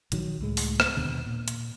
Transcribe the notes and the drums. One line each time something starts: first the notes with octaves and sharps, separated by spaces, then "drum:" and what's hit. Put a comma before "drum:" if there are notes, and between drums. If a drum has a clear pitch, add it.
A#1 D#3 F#3, drum: hi-hat
C#2 A2 G#3
drum: open hi-hat
drum: rim click
D#2 B2 D3
A#2
drum: hi-hat